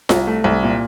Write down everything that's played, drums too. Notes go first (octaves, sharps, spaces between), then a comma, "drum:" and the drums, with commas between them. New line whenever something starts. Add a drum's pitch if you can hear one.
C2, drum: snare F4
A3
C2
A#2